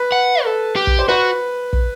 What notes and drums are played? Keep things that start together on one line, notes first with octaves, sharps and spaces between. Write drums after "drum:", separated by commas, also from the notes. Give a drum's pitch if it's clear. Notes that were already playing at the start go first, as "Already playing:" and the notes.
Already playing: B4
F#5
A4
G4
drum: kick
C5
F#4 B4
drum: kick